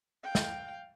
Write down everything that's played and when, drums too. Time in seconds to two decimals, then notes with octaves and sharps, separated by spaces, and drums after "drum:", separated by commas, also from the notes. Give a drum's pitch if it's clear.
0.23 F5 G5
0.35 drum: snare